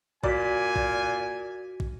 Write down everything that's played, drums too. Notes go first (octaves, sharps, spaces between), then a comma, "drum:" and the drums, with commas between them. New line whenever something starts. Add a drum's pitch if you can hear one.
A#2 F#4 D5 G#5 B6, drum: kick
drum: kick
drum: kick